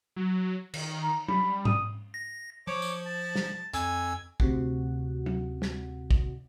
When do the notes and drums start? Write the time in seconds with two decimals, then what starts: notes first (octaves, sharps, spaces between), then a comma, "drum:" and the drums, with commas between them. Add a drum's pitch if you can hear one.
0.16 F#3
0.74 D#3, drum: cymbal
1.03 A#5
1.28 G3 B5, drum: tom
1.65 D#6, drum: tom G#2
2.14 A#6
2.67 F3 C#5 D6
2.82 drum: tambourine
3.06 A5
3.36 drum: snare
3.74 F2 G#5 E6, drum: hi-hat
4.40 D2 C3 F#4 F#5, drum: kick
5.26 drum: tom
5.62 drum: snare
6.11 drum: kick